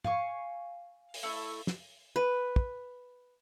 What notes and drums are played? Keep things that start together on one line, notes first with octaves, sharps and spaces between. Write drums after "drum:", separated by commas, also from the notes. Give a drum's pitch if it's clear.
F5 G#5 C#6, drum: tom
drum: open hi-hat
A3 E4
drum: snare
B4
drum: kick